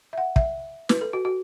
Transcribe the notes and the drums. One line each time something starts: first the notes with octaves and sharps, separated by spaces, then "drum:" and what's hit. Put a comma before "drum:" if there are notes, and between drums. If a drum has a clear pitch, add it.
E5
F#5
E5, drum: kick
B4, drum: snare
A4
F#4
F#4